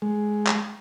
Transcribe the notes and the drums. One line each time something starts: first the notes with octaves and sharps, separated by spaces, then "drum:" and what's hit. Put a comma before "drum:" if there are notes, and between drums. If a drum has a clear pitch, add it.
G#3
drum: clap